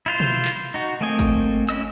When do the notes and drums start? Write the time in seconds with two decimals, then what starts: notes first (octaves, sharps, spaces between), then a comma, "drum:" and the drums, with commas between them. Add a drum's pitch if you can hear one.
0.06 E4 F4 C5
0.20 drum: tom B2
0.45 drum: clap
0.74 D#4 F#4
1.01 A3 A#3 C4 D#5 G#5
1.19 drum: kick, hi-hat
1.69 C#4 E4 D#5 E6, drum: hi-hat